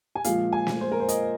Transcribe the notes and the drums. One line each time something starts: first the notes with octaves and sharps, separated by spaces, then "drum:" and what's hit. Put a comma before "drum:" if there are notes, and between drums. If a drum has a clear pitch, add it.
G#5
A#2 F3 G#3 F5, drum: hi-hat
G#5
drum: snare
C5
A#4
C5
D#5, drum: hi-hat